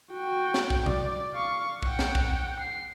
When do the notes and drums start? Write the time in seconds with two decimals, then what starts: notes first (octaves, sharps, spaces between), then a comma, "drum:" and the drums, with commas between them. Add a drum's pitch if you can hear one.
0.12 F#4 G5
0.54 drum: snare
0.70 drum: kick
0.86 D5, drum: tom B2
1.35 F5 C#6
1.82 F#5 G5, drum: kick
1.99 drum: snare
2.15 drum: kick
2.60 C7